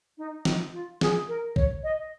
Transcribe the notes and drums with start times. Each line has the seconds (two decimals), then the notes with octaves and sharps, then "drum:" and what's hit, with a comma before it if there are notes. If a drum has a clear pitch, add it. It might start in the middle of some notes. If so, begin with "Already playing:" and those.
0.18 D#4
0.45 D#4, drum: snare
0.73 F4
1.01 G#4, drum: snare
1.28 A#4
1.56 C#5, drum: kick B1
1.84 D#5